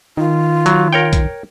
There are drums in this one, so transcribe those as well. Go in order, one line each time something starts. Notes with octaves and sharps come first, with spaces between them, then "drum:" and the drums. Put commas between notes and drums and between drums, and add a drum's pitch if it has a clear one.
D#3 F4
F#3, drum: hi-hat
A#4 C#5 G5
drum: kick, hi-hat